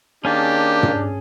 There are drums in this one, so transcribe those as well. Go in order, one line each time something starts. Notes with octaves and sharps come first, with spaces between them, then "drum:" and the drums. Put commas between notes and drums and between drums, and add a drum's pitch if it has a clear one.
D#3 A#3 C#4 D4 G4 G#4 A5
drum: tom